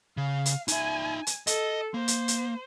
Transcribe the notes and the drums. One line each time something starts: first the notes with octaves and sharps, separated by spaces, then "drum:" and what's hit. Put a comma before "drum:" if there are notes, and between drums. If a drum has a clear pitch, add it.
C#3 F5
drum: hi-hat
D#4 E5 G#5, drum: hi-hat
drum: hi-hat
A4 D#5, drum: hi-hat
A#3 C5
drum: hi-hat
drum: hi-hat